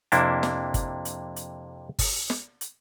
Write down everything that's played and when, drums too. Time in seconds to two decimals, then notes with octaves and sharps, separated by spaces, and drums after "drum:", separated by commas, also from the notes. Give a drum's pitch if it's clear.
0.12 F2 C3 A#3 D4 E4, drum: hi-hat
0.43 drum: snare
0.74 drum: kick G1, hi-hat
1.05 drum: hi-hat
1.36 drum: hi-hat
1.99 drum: kick G1, open hi-hat
2.30 drum: snare
2.61 drum: hi-hat